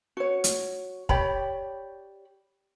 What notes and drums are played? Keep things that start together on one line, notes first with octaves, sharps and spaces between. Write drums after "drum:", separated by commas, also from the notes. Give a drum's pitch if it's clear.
F#4 C#5
drum: hi-hat
G4 C#5 D5 B5, drum: kick